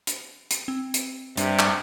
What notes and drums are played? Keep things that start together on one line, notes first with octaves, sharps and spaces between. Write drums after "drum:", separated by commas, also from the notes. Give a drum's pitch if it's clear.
drum: hi-hat
drum: hi-hat
C4
drum: hi-hat
G2 C3 D4, drum: hi-hat
drum: clap